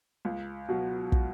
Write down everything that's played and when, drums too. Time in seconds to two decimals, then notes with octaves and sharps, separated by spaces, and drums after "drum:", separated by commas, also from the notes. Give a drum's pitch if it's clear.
0.25 C#2
0.68 B2 F#3
1.12 drum: kick